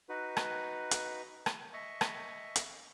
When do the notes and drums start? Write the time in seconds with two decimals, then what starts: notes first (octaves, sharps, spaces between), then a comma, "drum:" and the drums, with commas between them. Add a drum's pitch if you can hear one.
0.09 D#4 F#4 B4
0.37 drum: rim click
0.91 drum: hi-hat
1.46 drum: rim click
1.73 D#5 E5 C#6
2.01 drum: rim click
2.56 drum: hi-hat